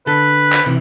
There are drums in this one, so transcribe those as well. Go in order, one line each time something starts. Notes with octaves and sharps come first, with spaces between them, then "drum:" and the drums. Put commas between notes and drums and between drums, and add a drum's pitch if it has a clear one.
D3 A4 B4
drum: clap
C3 E3